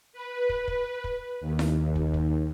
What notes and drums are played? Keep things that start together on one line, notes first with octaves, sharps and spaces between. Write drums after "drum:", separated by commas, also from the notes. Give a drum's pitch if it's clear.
B4
drum: kick
drum: kick
drum: kick
D#2
drum: snare E4
drum: kick
drum: kick